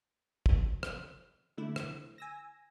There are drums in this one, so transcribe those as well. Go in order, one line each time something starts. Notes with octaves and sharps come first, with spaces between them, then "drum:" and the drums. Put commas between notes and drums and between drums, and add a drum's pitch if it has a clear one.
drum: kick
drum: rim click
D3 A3 E4
drum: rim click
G#5 E6 A#6